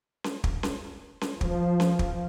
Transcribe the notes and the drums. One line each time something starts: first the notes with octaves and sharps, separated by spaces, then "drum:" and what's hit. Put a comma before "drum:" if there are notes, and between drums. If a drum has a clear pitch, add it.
drum: snare C#4
drum: kick
drum: snare C#4
drum: snare C#4
F3, drum: kick
drum: snare C#4
drum: kick